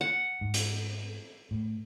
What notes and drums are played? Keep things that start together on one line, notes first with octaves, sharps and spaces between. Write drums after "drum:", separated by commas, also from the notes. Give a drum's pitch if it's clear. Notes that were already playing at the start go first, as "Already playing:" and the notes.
F#5
G#2
drum: hi-hat
A2